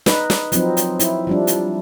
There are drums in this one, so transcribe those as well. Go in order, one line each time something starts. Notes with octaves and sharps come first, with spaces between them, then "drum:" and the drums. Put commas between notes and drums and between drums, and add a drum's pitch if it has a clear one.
D#4 B4, drum: snare
drum: snare
F3 F#3 C4 D#4, drum: hi-hat
drum: hi-hat
E4, drum: hi-hat
F3 G3 D4
drum: hi-hat